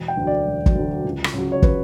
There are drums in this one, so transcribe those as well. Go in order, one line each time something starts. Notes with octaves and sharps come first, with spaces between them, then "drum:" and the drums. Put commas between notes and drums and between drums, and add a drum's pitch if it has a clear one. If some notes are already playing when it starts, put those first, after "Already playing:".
Already playing: E1
G5
D2 D3 F#3
D5
E1
drum: kick
D2 D3 F#3
C#2
drum: rim click
C#3 F#3
C#5
B4, drum: kick